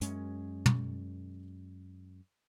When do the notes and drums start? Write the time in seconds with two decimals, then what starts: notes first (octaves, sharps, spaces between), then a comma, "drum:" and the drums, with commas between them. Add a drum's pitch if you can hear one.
0.01 F#2 G#3 C#4, drum: hi-hat
0.66 drum: tom